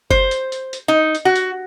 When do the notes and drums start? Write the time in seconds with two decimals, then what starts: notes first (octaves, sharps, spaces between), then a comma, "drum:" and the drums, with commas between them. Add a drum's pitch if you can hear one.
0.10 C5, drum: kick F#1
0.31 drum: hi-hat
0.52 drum: hi-hat
0.73 drum: hi-hat
0.88 D#4
1.15 drum: hi-hat
1.25 F#4
1.36 drum: hi-hat